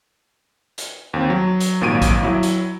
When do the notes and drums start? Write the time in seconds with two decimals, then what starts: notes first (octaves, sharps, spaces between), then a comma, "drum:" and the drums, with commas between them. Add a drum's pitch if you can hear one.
0.78 drum: hi-hat
1.14 D#2 C4
1.30 F#3
1.60 drum: hi-hat
1.81 G#1 D#2 A#2 F#3 D7 D#7
2.02 drum: kick A#1, hi-hat
2.23 F#3 E4
2.43 drum: hi-hat